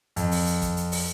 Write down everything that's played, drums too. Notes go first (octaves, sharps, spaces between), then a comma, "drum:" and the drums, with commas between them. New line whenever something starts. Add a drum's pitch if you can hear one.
F2, drum: hi-hat
drum: open hi-hat
drum: hi-hat
drum: kick, hi-hat
drum: hi-hat
drum: open hi-hat